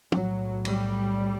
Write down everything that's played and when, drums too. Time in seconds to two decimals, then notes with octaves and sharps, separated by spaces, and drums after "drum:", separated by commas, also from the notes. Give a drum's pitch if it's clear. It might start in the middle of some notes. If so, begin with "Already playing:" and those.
0.12 B1 A2 F#3, drum: tom
0.65 G3, drum: cymbal